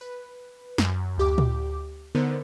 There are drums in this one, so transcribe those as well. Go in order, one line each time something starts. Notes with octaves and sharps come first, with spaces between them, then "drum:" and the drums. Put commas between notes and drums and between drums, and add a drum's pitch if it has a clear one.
B4
F#2, drum: snare
D2 G4 D6
drum: tom
D3 B3 D#4 A#4 C5